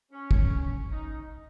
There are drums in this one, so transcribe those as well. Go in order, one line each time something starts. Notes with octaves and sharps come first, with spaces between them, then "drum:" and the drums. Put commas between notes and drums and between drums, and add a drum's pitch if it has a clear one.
C#4
drum: kick
D#4